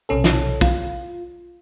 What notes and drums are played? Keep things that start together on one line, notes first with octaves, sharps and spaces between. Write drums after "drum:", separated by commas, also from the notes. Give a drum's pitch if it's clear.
B1 C3 C#4 A4
drum: snare
F4, drum: kick